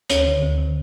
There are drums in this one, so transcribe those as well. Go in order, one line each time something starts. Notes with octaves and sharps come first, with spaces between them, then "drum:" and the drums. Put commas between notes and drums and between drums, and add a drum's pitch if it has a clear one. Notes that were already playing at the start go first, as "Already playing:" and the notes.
D2 C#4 C#5, drum: hi-hat
D3
D2
D3